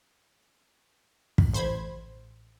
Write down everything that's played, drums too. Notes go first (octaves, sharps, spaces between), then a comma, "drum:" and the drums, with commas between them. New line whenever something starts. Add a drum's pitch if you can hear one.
drum: kick
A1 C5 B5 G#6